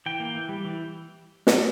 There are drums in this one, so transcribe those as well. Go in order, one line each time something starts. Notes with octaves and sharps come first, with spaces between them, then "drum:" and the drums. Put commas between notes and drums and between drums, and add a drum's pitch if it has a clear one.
E3 G5
A#3
E3
G3
E3
drum: snare